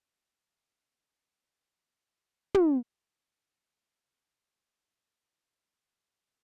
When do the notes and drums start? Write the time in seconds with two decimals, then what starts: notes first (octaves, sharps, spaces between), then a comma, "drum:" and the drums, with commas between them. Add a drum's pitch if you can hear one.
0.15 D4 D#4 C5
2.55 drum: tom
2.88 C6
3.56 G#4
3.84 B5
4.36 A#6
5.39 B4
5.73 A2 C#3 F#3 A3 G#4 D5